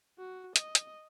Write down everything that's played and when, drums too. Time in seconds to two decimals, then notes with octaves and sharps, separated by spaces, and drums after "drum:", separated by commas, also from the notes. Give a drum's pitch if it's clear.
0.18 F#4
0.56 D#5, drum: hi-hat
0.75 drum: hi-hat